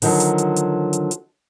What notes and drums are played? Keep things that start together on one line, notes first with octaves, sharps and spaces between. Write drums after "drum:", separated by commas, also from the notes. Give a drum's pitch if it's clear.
D3 D#3 F3 F#3, drum: open hi-hat
drum: hi-hat
drum: hi-hat
drum: hi-hat
drum: hi-hat
drum: hi-hat